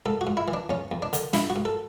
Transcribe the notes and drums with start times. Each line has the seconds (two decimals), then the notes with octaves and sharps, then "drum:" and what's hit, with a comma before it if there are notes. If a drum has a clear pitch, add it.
0.06 G#2 A4
0.21 F#4
0.27 G#2
0.37 E4
0.48 E3
0.54 D4
0.69 E2 C#4
0.92 E2
1.02 D4
1.13 D3, drum: hi-hat
1.33 G#2 E4, drum: snare
1.50 F#4
1.56 G#2
1.65 A4